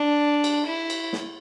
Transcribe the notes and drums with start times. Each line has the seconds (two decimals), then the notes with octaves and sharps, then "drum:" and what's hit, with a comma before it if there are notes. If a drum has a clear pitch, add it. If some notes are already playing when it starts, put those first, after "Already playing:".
Already playing: D4
0.44 drum: cymbal
0.67 E4
0.90 drum: cymbal
1.13 drum: snare